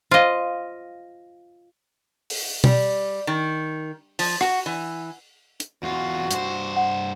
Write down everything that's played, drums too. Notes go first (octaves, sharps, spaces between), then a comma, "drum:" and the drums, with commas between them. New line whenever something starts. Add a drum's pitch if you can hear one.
F4 C5 D#5 F5
drum: open hi-hat
G3, drum: tom B2
D#3
F3, drum: open hi-hat
F#4, drum: rim click
E3
drum: hi-hat
E2 F4 F#4
G2 C5, drum: hi-hat
F#5